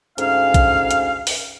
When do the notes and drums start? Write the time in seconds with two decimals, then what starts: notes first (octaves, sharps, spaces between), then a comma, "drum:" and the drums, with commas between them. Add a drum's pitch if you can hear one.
0.18 D2 G#2 C#4 F5, drum: hi-hat
0.54 drum: kick, hi-hat
0.91 drum: hi-hat
1.27 drum: open hi-hat